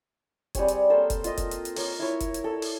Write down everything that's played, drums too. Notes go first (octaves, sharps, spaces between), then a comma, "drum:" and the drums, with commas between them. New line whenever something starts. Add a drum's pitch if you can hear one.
G3 C4 G#4 C#5, drum: kick F1, hi-hat
drum: hi-hat
A#3 A4 C5
drum: kick F1, hi-hat
F4 D#5, drum: hi-hat
drum: kick F1, hi-hat
drum: hi-hat
drum: hi-hat
A#4 C#5, drum: open hi-hat
E4 C#5
drum: kick F1, hi-hat
drum: hi-hat
A4
drum: open hi-hat